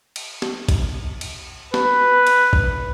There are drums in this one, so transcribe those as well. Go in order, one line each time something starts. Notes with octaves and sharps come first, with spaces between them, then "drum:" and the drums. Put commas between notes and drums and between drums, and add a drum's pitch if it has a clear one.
drum: cymbal
drum: snare
drum: kick, cymbal
drum: cymbal
B4, drum: snare
drum: cymbal
drum: kick